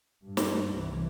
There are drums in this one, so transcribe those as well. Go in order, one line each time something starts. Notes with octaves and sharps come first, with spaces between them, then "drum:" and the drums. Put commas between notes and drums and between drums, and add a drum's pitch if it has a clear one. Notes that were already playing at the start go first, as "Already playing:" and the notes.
G2
drum: snare
C2 E3